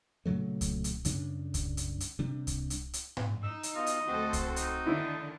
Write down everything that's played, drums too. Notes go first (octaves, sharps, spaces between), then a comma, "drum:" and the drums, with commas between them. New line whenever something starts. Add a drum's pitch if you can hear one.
A#2 C#3 F#3 A3
drum: kick C2, hi-hat
drum: hi-hat
F#2 C#3 G3 D4, drum: hi-hat
drum: kick C2, hi-hat
drum: hi-hat
drum: hi-hat
C3 G3 D4
drum: kick C2, hi-hat
drum: hi-hat
drum: hi-hat
drum: tom G#2
D#4 E6
drum: hi-hat
B2 F4 D#5 F6
drum: hi-hat
D2 C4 F#4 A4 C5
drum: kick C2, hi-hat
D#4, drum: hi-hat
D3 D#3 D4 E4